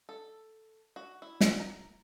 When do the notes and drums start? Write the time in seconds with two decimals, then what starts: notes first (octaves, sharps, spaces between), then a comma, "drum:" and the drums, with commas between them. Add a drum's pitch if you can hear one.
0.09 A4
0.96 F#4
1.22 E4
1.41 F#5, drum: snare
1.60 A#5